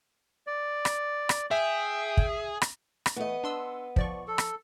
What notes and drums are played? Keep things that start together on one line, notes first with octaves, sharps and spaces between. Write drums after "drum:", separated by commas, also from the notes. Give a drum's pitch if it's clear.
D5
drum: rim click
drum: rim click
G#4 E5 G5
drum: kick
drum: rim click
drum: rim click
E3 A3 B3 D#5
D4 C6 E6
F3 D5 C#6, drum: kick
A4
drum: rim click